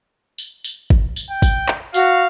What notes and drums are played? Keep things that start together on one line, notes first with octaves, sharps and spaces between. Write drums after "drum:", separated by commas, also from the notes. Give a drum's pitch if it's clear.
drum: tambourine
drum: tambourine
drum: kick
drum: tambourine
G5
drum: kick, tambourine
drum: clap
F#4 F5, drum: tambourine